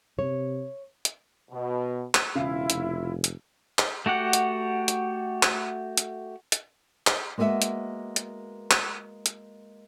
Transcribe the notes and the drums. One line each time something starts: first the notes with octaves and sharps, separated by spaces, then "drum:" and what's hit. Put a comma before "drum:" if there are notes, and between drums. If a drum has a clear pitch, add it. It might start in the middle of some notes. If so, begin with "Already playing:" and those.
C3 C#5
drum: hi-hat
B2
drum: clap
E1 C#3 E4 F4 F5
F1, drum: hi-hat
drum: hi-hat
drum: clap
A3 F#4 G4 F#5
drum: hi-hat
drum: hi-hat
drum: clap
drum: hi-hat
drum: hi-hat
drum: clap
G#3 A#3 B3 F#4 E5
drum: hi-hat
drum: hi-hat
drum: clap
drum: hi-hat